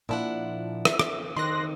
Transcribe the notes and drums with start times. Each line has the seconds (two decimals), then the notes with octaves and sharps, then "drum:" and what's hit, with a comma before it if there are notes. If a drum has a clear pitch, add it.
0.09 A#2 F3 D4 E4 F#5
0.85 E5, drum: rim click
0.99 drum: rim click
1.37 D#3 C4 D#4 C6 F#6 A#6